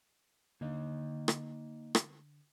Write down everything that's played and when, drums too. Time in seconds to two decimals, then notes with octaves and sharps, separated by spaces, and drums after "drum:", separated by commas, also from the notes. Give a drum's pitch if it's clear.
0.61 D3 A#3 D#4 D#5
1.28 drum: rim click
1.95 drum: rim click